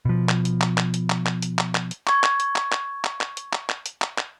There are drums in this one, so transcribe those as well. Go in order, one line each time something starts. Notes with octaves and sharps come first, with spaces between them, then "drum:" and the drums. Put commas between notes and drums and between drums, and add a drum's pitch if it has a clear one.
B2 F3
drum: clap
drum: hi-hat
drum: clap
drum: clap
drum: hi-hat
drum: clap
drum: clap
drum: hi-hat
drum: clap
drum: clap
drum: hi-hat
C#6 G#6, drum: clap
drum: clap
drum: hi-hat
drum: clap
drum: clap
drum: clap
drum: clap
drum: hi-hat
drum: clap
drum: clap
drum: hi-hat
drum: clap
drum: clap